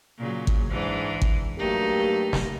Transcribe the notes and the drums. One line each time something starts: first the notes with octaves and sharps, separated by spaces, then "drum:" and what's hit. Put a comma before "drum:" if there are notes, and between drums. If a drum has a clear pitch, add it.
A#2 C#3 F#3
drum: kick
G#2 E3 D4
drum: kick
G2 F#3 A3 A#3 D#4 G4
drum: snare